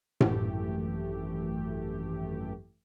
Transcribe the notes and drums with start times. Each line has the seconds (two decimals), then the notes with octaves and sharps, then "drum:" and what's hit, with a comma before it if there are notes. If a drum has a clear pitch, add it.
0.20 G#1 F#2 E3 A3 G4, drum: tom A2